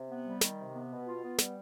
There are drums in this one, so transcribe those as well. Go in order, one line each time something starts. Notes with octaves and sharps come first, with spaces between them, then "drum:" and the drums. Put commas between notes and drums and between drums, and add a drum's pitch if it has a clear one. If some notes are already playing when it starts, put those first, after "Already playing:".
Already playing: C3
B3
G3
D#3, drum: snare
C3
B3
B2
F4
B3
G3, drum: snare